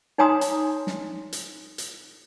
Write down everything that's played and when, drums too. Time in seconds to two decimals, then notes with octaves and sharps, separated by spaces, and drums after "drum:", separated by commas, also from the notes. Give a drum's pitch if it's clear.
0.18 D#4 C#5 G#5 A#5 C6 D#6
0.41 drum: hi-hat
0.87 drum: snare
1.33 drum: hi-hat
1.78 drum: hi-hat